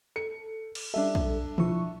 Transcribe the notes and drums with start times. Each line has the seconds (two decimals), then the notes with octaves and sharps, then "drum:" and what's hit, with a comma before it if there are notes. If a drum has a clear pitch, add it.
0.16 A4 C#7
0.75 drum: cymbal
0.94 G3 D4 A4 E5
1.15 drum: kick
1.58 F3 E4 C#6, drum: tom